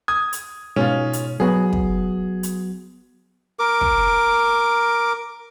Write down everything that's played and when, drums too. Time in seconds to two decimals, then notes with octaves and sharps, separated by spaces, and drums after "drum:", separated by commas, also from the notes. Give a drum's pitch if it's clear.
0.08 D#6 G#6
0.33 drum: hi-hat
0.76 G#2 B2 C#4 F4
1.13 drum: hi-hat
1.40 F#3 B3 F#4 G#4
1.73 drum: kick
2.43 drum: hi-hat
3.59 A#4 D6
3.81 drum: kick